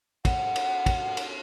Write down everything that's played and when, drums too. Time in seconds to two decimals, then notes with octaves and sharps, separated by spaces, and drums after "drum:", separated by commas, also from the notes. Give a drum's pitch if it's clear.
0.25 F#5, drum: kick, cymbal
0.56 drum: cymbal
0.86 drum: kick, cymbal
1.17 drum: cymbal